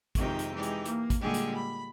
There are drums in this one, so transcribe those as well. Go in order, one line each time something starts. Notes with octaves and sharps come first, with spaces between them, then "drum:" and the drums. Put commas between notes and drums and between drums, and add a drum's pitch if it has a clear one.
F2 C3 D#3 G#3 D#4 G5, drum: kick, hi-hat
drum: hi-hat
E3 G#3 D#4 G4
drum: hi-hat
A#3, drum: hi-hat
drum: kick, hi-hat
A#2 D3 G3 G#3 G4 G#4
drum: hi-hat
B5